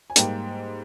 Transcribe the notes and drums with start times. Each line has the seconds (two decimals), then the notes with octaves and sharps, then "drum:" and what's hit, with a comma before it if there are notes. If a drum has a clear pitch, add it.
0.10 G#5
0.16 G#2 G3 A#3 G5, drum: hi-hat